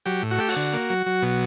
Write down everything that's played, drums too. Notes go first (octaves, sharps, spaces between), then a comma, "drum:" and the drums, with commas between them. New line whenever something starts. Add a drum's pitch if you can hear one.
F#3 G4
A2
F#4
A3 G4
F#4, drum: open hi-hat
D3
A#3
F#3
F#3
B2